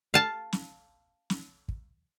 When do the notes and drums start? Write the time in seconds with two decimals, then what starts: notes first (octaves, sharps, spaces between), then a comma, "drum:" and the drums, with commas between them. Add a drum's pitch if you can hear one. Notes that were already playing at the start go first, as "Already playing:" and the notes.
0.14 F5 A5
0.53 drum: snare
1.30 drum: snare
1.68 drum: kick